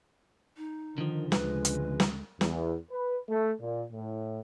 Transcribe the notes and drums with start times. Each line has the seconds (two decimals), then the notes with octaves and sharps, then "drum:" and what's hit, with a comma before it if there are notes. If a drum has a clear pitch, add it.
0.57 D#4
0.98 D3 D#3 F3
1.32 D2 C#3 G#3 B4, drum: snare
1.65 drum: hi-hat
2.00 drum: snare
2.41 E2, drum: snare
2.92 B4
3.29 A3
3.61 A#2
3.93 A2